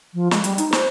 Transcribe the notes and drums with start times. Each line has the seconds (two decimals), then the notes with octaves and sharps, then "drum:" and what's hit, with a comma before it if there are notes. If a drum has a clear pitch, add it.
0.14 F3
0.31 G#3, drum: snare
0.44 G3, drum: hi-hat
0.58 D#4, drum: hi-hat
0.73 C5, drum: snare